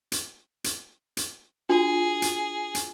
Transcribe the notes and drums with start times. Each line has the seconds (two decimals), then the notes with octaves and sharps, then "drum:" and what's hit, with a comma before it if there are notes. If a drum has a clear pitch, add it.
0.12 drum: hi-hat
0.64 drum: hi-hat
1.17 drum: hi-hat
1.69 D4 F4 F#4 G#4
2.22 drum: hi-hat
2.75 drum: hi-hat